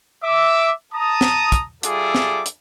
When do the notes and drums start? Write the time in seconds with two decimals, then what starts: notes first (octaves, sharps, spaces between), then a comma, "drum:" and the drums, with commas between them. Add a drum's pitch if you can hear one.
0.23 E5 D6
0.93 A5 A#5 D#6
1.21 drum: snare
1.52 drum: kick, hi-hat
1.83 G3 F4 G#4 A4 E5 D6, drum: hi-hat
2.15 drum: snare
2.46 drum: hi-hat